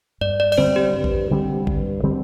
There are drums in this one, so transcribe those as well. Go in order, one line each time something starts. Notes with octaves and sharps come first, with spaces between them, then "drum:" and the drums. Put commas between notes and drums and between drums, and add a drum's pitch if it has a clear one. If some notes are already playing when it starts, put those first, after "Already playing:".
G2 D5
D5
D5, drum: cymbal
D3 G3 C4 C5
G4
G2
drum: kick A1
D3 G3 C4
G2, drum: kick A1
D3 G3 C4